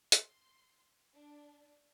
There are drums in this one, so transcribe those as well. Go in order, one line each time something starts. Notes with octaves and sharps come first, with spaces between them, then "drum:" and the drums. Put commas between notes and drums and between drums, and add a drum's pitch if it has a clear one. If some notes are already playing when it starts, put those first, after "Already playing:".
C6, drum: hi-hat
D4